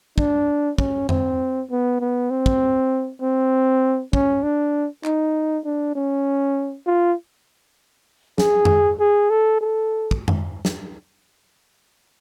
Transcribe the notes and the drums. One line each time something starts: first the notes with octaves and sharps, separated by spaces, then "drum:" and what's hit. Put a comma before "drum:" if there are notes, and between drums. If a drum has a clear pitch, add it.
D4, drum: kick
C#4, drum: kick
C4, drum: tom F2
B3
B3
C4
drum: kick
C4
C#4, drum: kick
D4
D#4, drum: clap
D4
C#4
F4
G#4, drum: snare
drum: tom F2
G#4
A4
A4
drum: kick
drum: tom F2
drum: snare